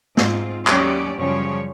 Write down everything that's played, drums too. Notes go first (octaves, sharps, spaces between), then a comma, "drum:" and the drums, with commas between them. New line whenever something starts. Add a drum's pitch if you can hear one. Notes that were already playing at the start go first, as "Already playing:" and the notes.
G#2 C4 F4, drum: snare
D#2 F#3 C#4 G4 D5, drum: clap
F#2 C#3 F3 G3 C#5